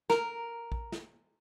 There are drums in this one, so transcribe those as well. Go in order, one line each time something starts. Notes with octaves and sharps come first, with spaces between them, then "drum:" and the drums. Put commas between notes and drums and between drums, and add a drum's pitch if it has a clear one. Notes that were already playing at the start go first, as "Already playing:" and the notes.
A#4, drum: snare
drum: kick A#1
drum: snare